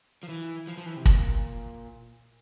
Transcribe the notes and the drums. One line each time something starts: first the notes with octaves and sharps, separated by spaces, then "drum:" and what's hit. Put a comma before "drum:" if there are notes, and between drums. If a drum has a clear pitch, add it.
F3
E3
F3
F3
E3
C3
A#2, drum: kick